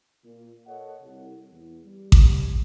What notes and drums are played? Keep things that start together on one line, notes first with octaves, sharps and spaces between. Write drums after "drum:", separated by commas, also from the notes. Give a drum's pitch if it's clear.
A#2
A4 A#4 C#5 D#5 F#5
C2
E2
G3
drum: kick A1